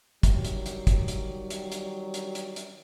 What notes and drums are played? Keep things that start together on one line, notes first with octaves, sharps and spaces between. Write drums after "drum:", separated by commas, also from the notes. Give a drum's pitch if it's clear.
D#3 F#3 G3, drum: kick, hi-hat
drum: hi-hat
drum: hi-hat
drum: kick, hi-hat
drum: hi-hat
drum: hi-hat
drum: hi-hat
drum: hi-hat
drum: hi-hat
drum: hi-hat